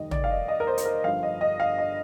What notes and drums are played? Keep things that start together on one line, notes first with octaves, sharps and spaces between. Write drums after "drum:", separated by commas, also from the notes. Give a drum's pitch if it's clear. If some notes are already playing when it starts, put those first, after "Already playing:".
Already playing: F1 D#2 D#3 G3 D#5
D5, drum: tom
F5
D#5
D#5
A#4
C5
C5, drum: hi-hat
A#4
G1 G2 F3 F5
D#5
D#5
F5
D#5